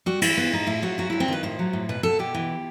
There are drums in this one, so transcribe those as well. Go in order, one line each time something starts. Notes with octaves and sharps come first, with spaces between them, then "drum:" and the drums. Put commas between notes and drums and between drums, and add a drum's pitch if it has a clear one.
G3 F#4
E3 E4, drum: cymbal
E3 B3
A2 D#4
A2 E4
F#3 F#4
F#3 F#4
G2 E4
C4
D#3 B4
A2 C5
F#3
A2
B2 B4
B2 A4
B2 G4
E3